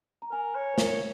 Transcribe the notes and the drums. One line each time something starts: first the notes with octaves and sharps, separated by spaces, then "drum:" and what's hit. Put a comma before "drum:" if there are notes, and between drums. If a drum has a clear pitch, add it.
A#5
A#4 G#5
C#5
C5
A#4 C#5, drum: snare